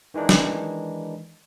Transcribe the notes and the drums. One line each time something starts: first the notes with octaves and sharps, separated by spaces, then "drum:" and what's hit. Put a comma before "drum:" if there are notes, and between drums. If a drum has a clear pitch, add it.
D#3 E3 G#3 D4 D#4
drum: snare